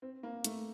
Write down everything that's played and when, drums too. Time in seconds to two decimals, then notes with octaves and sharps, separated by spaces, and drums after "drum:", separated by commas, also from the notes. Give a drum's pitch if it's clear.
0.02 C4
0.23 A#3
0.44 A3, drum: hi-hat